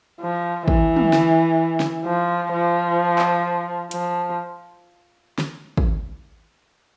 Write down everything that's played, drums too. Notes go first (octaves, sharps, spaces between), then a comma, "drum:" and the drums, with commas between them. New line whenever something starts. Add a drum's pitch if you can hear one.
F3
E3, drum: kick
drum: tom
drum: snare
drum: snare
F3
F3
drum: clap
F3, drum: hi-hat
drum: snare
drum: kick